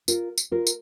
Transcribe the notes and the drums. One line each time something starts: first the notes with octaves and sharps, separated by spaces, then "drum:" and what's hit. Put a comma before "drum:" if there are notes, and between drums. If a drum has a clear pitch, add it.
F4 A#4, drum: tambourine
drum: tambourine
F4 A#4
drum: tambourine